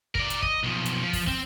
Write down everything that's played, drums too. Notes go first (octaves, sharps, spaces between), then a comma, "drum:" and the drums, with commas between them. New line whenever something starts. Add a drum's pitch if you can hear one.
A#4 D5, drum: kick
drum: hi-hat
D#5, drum: kick
B1 F3
drum: hi-hat
F3 F4
drum: kick, open hi-hat
C4, drum: kick